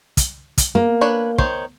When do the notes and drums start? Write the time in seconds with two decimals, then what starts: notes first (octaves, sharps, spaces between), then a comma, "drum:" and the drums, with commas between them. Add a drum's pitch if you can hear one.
0.17 drum: kick, hi-hat
0.58 drum: kick, hi-hat
0.75 A#3
1.01 D4 B4 C#5
1.38 D#3 C5 C#5, drum: kick